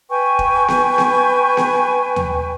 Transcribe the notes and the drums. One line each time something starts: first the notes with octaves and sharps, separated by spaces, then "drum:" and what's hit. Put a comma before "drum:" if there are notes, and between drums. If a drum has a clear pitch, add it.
B4 G5 G#5 C#6
drum: kick E1
drum: snare B3
drum: snare B3
drum: snare B3
drum: tom D#2